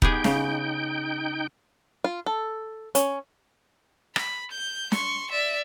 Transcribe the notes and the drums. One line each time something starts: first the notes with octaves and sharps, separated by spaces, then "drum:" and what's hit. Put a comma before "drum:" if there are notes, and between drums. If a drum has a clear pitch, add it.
B3 D#4 G4 G#4 G5 G6, drum: kick E1
C#3, drum: snare
F4
A4
C#4, drum: hi-hat
B5, drum: rim click
G6
C6 C#6, drum: snare
D5 E5